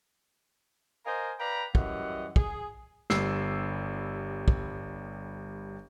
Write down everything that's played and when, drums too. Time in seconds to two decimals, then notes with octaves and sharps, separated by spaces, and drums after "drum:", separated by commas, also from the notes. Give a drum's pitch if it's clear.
1.06 A#4 C5 D#5 F5 G#5 A#5
1.39 B4 D5 F5 G5 A#5 B5
1.75 F#2 E3 G3 E4 D#5 F#5, drum: kick
2.36 G#4, drum: kick
3.10 G1 G3 E6 C7, drum: snare
4.48 drum: kick